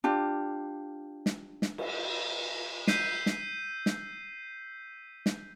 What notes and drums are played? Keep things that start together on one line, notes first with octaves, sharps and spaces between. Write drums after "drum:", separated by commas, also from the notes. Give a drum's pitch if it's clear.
D4 F4 G4
drum: snare
drum: snare
drum: cymbal
E6 G6 B6 C7 D#7, drum: snare
drum: snare
drum: snare
drum: snare